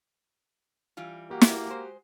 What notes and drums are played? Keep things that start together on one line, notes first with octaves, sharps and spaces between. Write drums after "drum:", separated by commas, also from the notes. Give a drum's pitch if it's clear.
E3 G3 F4
A#3 F#4 G4 F#5
drum: snare
G#3 C5